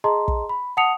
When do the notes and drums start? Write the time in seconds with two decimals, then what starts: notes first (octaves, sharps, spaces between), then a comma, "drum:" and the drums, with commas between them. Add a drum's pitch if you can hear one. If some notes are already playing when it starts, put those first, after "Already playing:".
0.04 G#4 D#5 A5 A#5 C6
0.28 drum: kick
0.49 B5
0.77 F#5 A5 D#6 C#7 F7